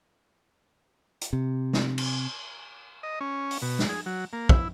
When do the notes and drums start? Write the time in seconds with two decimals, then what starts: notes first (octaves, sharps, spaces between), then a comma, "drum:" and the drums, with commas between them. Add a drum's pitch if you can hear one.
1.21 drum: hi-hat
1.33 C3
1.73 drum: snare
1.98 drum: cymbal
3.03 D#5
3.21 C#4
3.51 drum: open hi-hat
3.62 B2
3.79 drum: snare
3.89 G#4
4.06 F#3
4.33 A#3
4.49 E4, drum: kick